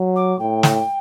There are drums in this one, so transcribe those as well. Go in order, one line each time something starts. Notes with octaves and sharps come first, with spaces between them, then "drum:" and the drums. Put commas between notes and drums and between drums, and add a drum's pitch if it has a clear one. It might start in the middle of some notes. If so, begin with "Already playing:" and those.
Already playing: F#3
D6
A2 G5
drum: snare